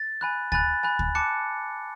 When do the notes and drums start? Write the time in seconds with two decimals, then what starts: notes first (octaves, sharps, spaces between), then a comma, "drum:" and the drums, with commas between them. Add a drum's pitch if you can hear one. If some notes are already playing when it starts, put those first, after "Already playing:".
Already playing: A6
0.21 G#5 B5 F#6
0.52 G#5 B5 F#6 A6, drum: kick
0.83 G#5 B5 F#6
0.99 drum: kick
1.15 A5 D6 F#6 C#7